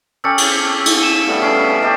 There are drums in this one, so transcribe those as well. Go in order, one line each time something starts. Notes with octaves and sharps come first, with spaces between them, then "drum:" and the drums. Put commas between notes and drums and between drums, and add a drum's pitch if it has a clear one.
C#4 G4 A4 E6 C#7
drum: cymbal
B6
drum: cymbal
C#7 D#7 E7
G3 A3 B3
C#4 B6 C7 D7
G4 A4 D#5